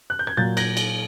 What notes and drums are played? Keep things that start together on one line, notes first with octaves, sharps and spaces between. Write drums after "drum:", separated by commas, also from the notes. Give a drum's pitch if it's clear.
F#6
G6
G#6
A#2 F#3 A#3 G6 A6
G#6 A#6, drum: cymbal
drum: cymbal